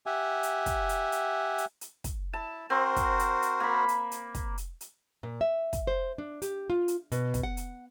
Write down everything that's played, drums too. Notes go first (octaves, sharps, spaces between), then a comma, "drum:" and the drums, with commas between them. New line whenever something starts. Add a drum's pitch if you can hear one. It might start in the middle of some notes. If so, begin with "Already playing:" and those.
G4 E5 F#5 G#5
drum: hi-hat
drum: kick, hi-hat
drum: hi-hat
drum: hi-hat
drum: hi-hat
drum: hi-hat
drum: kick, hi-hat
E4 A5
C4 F#4 A#4 C5
drum: kick, hi-hat
drum: hi-hat
drum: hi-hat
A#3 B5
drum: hi-hat
drum: hi-hat
drum: kick, hi-hat
drum: hi-hat
drum: hi-hat
A#2
E5
drum: kick, hi-hat
C5
D4
G4, drum: hi-hat
F4
drum: hi-hat
B2, drum: hi-hat
drum: kick, hi-hat
F#5
drum: hi-hat